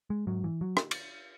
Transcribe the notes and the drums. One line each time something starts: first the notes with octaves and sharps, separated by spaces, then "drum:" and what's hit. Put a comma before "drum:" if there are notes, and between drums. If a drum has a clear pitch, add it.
G#3
G#2 F#3
E3
F#3
drum: rim click
drum: cymbal